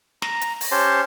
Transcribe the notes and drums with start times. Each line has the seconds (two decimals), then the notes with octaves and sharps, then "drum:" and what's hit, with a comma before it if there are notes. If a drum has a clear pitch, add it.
0.22 A#5, drum: snare
0.41 drum: hi-hat
0.61 drum: open hi-hat
0.71 C#4 G4 C5 C#5 A5 C6